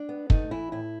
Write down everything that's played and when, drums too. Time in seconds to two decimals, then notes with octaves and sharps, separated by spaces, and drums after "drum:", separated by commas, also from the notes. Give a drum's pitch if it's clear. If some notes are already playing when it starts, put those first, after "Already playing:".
Already playing: D4
0.09 B3
0.30 A3 D#4, drum: kick
0.51 E3 E4
0.72 A2 E4